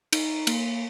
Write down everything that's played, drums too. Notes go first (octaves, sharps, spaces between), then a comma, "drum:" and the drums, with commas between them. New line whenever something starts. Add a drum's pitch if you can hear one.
D#4, drum: cymbal
A#3, drum: cymbal